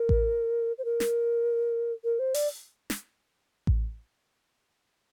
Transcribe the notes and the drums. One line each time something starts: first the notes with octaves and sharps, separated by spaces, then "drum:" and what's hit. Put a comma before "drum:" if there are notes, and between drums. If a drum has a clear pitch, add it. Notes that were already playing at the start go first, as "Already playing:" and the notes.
Already playing: A#4
drum: kick A1
C5
A#4
drum: snare
A#4
C5
D5, drum: open hi-hat
drum: snare
drum: kick A1